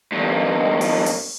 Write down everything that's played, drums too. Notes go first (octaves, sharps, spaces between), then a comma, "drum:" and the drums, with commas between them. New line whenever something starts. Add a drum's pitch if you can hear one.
E2 G2
drum: open hi-hat
drum: open hi-hat